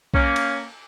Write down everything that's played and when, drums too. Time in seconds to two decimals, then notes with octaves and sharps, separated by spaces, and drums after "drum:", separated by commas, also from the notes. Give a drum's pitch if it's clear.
0.14 A#3 C#4, drum: kick B1
0.36 drum: cymbal